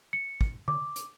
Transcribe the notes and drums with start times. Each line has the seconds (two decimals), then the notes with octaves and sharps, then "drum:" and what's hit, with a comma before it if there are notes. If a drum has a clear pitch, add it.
0.13 C#7
0.41 drum: kick
0.68 D6, drum: tom
0.96 drum: hi-hat